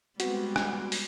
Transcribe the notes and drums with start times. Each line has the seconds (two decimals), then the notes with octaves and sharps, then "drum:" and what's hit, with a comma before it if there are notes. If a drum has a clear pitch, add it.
0.20 G3 G#3 B3 C4 F#4, drum: hi-hat
0.56 drum: rim click
0.92 drum: open hi-hat